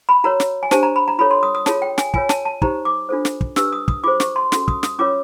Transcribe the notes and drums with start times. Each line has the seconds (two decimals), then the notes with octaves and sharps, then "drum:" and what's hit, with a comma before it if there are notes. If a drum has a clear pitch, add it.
0.09 B5
0.24 F#4 A#4 C#5 A#5
0.40 drum: snare
0.63 G#5
0.71 D4 G4 C5 A5, drum: snare
0.83 A#5
0.96 B5
1.08 A#5
1.19 F4 A4 C#5 B5
1.31 C6
1.43 D#6
1.55 D#6
1.66 F4 G#4 C#5 A5, drum: snare
1.82 G5
1.98 G#5, drum: snare
2.14 F4 A#4 C#5 G#5, drum: kick
2.29 A5, drum: snare
2.45 A5
2.62 D#4 G4 C5 A#5, drum: kick
2.85 D6
3.09 D4 F4 A4 C5
3.25 drum: snare
3.41 drum: kick
3.56 D4 G4 B4 E6, drum: snare
3.72 D#6
3.88 D#6, drum: kick
4.04 F4 G#4 C5 D6
4.20 C#6, drum: snare
4.36 C6
4.52 C#4 F#4 A4 C6, drum: snare
4.68 D#6, drum: kick
4.83 D#6, drum: snare
4.99 C#4 F4 A#4 C#5 D6